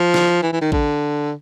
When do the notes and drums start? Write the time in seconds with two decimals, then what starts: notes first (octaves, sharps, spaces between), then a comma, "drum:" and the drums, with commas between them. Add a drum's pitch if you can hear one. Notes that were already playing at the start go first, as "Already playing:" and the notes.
Already playing: F3
0.14 drum: snare
0.42 E3
0.53 E3
0.61 D#3
0.72 D3, drum: kick A1